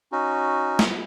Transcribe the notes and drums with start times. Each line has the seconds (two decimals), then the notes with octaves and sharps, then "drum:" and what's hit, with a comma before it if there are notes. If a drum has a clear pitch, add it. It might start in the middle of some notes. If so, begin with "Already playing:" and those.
0.12 C#4 D#4 F#4
0.79 drum: snare